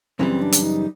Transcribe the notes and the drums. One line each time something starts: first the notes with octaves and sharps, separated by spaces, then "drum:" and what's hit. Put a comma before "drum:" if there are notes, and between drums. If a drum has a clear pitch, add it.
F#2 C#3 E3 G3 C4
D4
drum: hi-hat
D#4